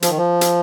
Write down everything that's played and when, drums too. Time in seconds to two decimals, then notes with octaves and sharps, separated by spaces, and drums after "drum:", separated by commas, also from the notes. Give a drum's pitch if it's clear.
0.02 F3, drum: hi-hat
0.10 D#3
0.18 F3
0.41 drum: hi-hat